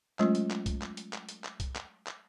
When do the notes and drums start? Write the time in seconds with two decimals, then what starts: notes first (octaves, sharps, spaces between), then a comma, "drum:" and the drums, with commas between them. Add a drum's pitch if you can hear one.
0.19 F#3 G#3 A3 C#4 F4, drum: clap
0.35 drum: hi-hat
0.50 drum: clap
0.66 drum: kick B1, hi-hat
0.82 drum: clap
0.97 drum: hi-hat
1.13 drum: clap
1.29 drum: hi-hat
1.44 drum: clap
1.60 drum: kick B1, hi-hat
1.75 drum: clap
2.07 drum: clap